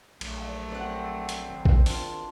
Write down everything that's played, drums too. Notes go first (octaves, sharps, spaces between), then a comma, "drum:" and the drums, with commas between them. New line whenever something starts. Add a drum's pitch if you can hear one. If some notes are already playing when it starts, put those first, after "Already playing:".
A#1 F#3 A3, drum: cymbal
C4 D5 F#5
drum: hi-hat
G#1
drum: kick
D4 F4, drum: open hi-hat